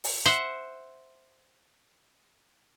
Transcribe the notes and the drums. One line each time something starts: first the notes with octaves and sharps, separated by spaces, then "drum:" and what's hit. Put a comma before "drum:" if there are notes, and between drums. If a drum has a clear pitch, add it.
drum: open hi-hat
C5 E5 F#5